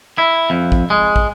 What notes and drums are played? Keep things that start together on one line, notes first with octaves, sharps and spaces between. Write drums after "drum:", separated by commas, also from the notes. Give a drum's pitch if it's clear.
E4
F2
drum: kick
G#3
drum: kick